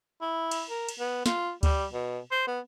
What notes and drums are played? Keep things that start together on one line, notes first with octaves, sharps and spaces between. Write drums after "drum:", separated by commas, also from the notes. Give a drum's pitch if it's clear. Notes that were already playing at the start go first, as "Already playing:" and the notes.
E4
drum: cymbal
A#4
drum: cymbal
B3
F4, drum: snare
G3, drum: kick D2, cymbal
B2
C5
B3